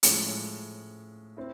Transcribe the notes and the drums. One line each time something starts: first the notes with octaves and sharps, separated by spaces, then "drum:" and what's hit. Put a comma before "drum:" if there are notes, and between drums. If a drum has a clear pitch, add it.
A2 F3 G#3 C#4, drum: hi-hat
C4 E4